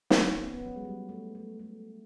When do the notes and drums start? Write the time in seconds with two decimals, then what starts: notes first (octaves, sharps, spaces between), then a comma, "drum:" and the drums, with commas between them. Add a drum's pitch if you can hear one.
0.10 C#4, drum: snare
0.29 B3
0.47 B3
0.66 F#3
0.76 G#3
0.85 G3
1.09 A3
1.35 A3
1.59 A3